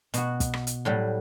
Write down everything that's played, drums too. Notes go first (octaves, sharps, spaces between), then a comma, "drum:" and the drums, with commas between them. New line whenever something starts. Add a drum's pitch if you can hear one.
B2 F#4, drum: hi-hat
drum: kick, hi-hat
drum: rim click
drum: hi-hat
A2 F#3 G3